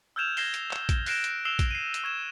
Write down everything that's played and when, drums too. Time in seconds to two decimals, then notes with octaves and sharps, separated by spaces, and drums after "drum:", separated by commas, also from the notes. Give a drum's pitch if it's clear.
0.16 E6 F6 G6 G#6 E7 F7
0.37 G#6 A#6 C7 E7 G7, drum: open hi-hat
0.54 drum: hi-hat
0.71 drum: clap
0.89 drum: kick A#1, hi-hat
1.06 F#6 A#6 C7 D7 E7, drum: open hi-hat
1.24 drum: hi-hat
1.45 E6 C7 E7 F7 G7
1.59 drum: kick A#1, hi-hat
1.71 C7 D#7
1.94 drum: hi-hat
2.04 C#6 G#6 E7